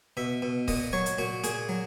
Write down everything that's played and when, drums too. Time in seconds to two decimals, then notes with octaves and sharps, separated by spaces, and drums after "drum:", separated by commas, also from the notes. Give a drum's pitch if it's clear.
0.17 B2 E5
0.42 B2
0.68 A#2 D#5, drum: kick C#1, open hi-hat
0.93 F#3 C#5
1.06 drum: hi-hat
1.18 A#2 F#4
1.44 A#2 G#4, drum: hi-hat
1.69 F#3